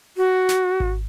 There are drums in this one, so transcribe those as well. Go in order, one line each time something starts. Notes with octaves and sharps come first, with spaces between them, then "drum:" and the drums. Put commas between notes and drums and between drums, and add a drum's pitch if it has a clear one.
F#4
drum: snare
drum: kick G#1